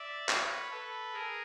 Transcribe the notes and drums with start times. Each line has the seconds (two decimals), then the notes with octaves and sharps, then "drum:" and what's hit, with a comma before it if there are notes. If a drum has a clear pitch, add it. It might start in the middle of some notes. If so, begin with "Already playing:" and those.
Already playing: D5 E5
0.29 B4 C#5, drum: clap
0.71 A4 B4
1.13 G#4 A#4